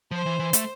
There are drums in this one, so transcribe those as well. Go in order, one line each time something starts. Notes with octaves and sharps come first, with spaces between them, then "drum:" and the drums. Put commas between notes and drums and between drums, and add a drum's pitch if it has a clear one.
F3 C5
E3
E3
A3, drum: hi-hat